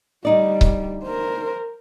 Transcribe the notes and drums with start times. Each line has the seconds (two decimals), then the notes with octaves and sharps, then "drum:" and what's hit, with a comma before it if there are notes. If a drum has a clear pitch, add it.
0.25 D2 G3 D#4 D5
0.61 drum: kick C#1
1.04 A#4 C5